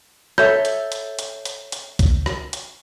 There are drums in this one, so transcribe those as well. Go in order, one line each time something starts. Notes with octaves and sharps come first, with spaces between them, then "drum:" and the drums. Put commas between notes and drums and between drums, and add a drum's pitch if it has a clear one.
A4 C#5 E5 G6, drum: rim click
drum: hi-hat
drum: hi-hat
drum: hi-hat
drum: hi-hat
drum: hi-hat
drum: kick, hi-hat
drum: rim click
drum: hi-hat